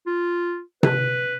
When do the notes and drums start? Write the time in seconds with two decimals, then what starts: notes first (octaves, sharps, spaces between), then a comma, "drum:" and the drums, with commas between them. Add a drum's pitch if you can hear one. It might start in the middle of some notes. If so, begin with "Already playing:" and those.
0.06 F4
0.83 B4, drum: tom C3